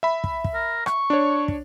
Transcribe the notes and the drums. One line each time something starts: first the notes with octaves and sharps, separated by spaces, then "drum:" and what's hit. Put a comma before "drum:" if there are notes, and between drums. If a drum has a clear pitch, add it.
E5 B5
drum: kick
drum: kick
A#4
C#6, drum: rim click
D4 C#5
drum: kick